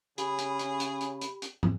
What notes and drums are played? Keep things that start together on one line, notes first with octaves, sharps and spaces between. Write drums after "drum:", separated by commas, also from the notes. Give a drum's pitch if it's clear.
C#3 G4 G#4 B5, drum: hi-hat
drum: hi-hat
drum: hi-hat
drum: hi-hat
drum: hi-hat
drum: hi-hat
drum: hi-hat
drum: tom